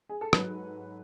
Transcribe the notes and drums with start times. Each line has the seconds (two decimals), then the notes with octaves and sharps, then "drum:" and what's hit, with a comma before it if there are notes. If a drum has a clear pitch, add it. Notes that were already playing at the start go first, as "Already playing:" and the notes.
0.09 G#4
0.21 A4
0.33 G#2 F#3 B4, drum: rim click